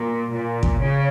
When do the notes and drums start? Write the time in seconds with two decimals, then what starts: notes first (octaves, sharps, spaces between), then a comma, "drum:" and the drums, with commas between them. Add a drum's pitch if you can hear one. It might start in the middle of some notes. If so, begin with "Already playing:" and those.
Already playing: A#2
0.31 A#2
0.63 drum: kick
0.78 C#3